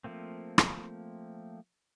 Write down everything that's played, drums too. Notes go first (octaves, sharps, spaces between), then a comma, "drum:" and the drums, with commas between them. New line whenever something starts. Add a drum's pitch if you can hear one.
F3 A3 A#3 C4
drum: rim click